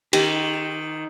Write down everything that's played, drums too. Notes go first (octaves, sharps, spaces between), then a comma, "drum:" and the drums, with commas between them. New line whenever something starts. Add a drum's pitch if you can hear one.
D#3 G4, drum: cymbal